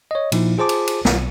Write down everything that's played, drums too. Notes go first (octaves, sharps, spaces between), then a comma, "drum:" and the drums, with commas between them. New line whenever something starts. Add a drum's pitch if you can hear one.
C#5 D#5
A#2 F3 D#4 E4, drum: cymbal
F4 G#4 C5 A5 D6
drum: cymbal
drum: cymbal
B1, drum: snare